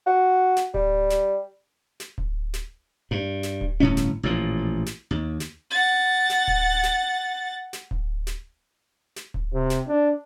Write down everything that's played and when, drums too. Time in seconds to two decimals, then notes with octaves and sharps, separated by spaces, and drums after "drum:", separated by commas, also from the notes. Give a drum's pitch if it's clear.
0.06 F#4
0.57 drum: snare
0.74 G3, drum: kick D1
1.10 drum: snare
2.00 drum: snare
2.18 drum: kick D1
2.54 drum: snare
3.11 G2
3.43 drum: snare
3.61 drum: kick D1
3.80 G1 A2 C#4
3.97 drum: snare
4.23 A1 A#2 F3
4.86 drum: snare
5.11 D#2
5.40 drum: snare
5.71 F#5 A6
6.30 drum: snare
6.48 drum: kick D1
6.83 drum: snare
7.73 drum: snare
7.91 drum: kick D1
8.27 drum: snare
9.16 drum: snare
9.34 drum: kick D1
9.53 C3
9.70 drum: snare
9.88 D4